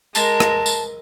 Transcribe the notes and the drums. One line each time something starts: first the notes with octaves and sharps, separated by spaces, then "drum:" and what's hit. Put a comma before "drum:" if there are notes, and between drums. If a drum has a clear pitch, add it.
G#3 A#4 A5, drum: tambourine
drum: rim click
drum: tambourine